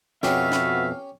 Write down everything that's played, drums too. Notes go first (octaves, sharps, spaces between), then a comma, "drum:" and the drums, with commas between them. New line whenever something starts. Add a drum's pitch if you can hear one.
F2 B2 B3 C#4 F#4 G4 E5 F5, drum: snare
drum: snare